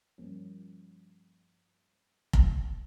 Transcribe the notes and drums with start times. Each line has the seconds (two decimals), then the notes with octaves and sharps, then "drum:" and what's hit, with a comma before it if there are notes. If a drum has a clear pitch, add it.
0.18 G2 F3 G3 A#3 C#4
2.33 drum: kick F1